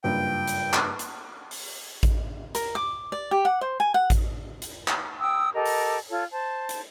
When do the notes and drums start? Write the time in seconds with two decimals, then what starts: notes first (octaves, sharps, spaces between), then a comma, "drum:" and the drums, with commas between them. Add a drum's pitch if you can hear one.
0.04 F#1 G2 F4 G5
0.48 drum: hi-hat
0.73 drum: clap
0.99 drum: hi-hat
1.51 drum: open hi-hat
2.03 drum: kick A1, hi-hat
2.55 A#4, drum: hi-hat
2.75 D6
3.12 D5
3.31 G4
3.45 F#5
3.61 C5
3.80 G#5
3.94 F#5
4.10 drum: kick A1, hi-hat
4.62 drum: hi-hat
4.88 drum: clap
5.19 G5 D#6 E6
5.54 G4 A4 A#4 D#5
5.66 drum: open hi-hat
6.09 F4 A4 C#5
6.32 C5 A5
6.69 drum: hi-hat